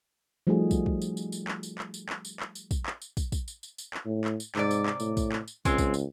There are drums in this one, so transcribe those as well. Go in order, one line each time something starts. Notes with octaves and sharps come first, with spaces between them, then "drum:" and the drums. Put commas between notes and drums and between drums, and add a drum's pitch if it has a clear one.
F3 G3 A3 D#4 F#4 G#4
drum: kick, tambourine
drum: kick
drum: tambourine
drum: tambourine
drum: tambourine
drum: clap
drum: tambourine
drum: clap
drum: tambourine
drum: clap
drum: tambourine
drum: clap
drum: tambourine
drum: kick, tambourine
drum: clap
drum: tambourine
drum: kick, tambourine
drum: kick, tambourine
drum: tambourine
drum: tambourine
drum: tambourine
drum: clap
A2
drum: clap
drum: tambourine
G#2 C3 D5, drum: clap
drum: tambourine
drum: clap
A2, drum: tambourine
drum: kick, tambourine
drum: clap
drum: tambourine
C#2 G#3 C4, drum: kick, tambourine
drum: kick, tambourine
drum: tambourine